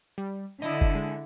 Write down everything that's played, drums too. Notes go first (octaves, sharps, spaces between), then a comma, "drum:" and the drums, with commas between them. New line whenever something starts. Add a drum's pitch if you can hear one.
G3
D3 E4 D#5
drum: kick F#1
G#3